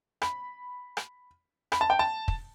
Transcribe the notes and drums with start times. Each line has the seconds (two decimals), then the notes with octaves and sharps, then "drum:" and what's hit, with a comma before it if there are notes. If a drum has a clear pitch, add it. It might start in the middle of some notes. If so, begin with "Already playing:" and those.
0.22 B5, drum: rim click
0.97 drum: rim click
1.72 B5, drum: rim click
1.81 A5
1.90 G5
1.99 A5
2.28 drum: kick